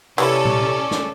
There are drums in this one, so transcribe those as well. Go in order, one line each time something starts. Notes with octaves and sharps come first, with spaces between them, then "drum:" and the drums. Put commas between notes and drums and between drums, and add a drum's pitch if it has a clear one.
C3 E3 A#3 C#4 E4 A4 D5, drum: open hi-hat
drum: tom A#2
drum: snare